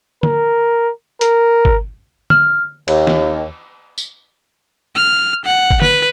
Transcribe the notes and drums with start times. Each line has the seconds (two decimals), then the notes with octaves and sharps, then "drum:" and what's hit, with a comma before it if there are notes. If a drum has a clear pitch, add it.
0.23 A#4, drum: tom
1.21 A#4, drum: hi-hat
1.65 drum: kick G1
2.30 F6, drum: tom
2.88 D#2, drum: cymbal
3.07 drum: snare
3.98 drum: tambourine
4.95 F6
5.45 F#5
5.71 drum: kick G1
5.82 B4, drum: tom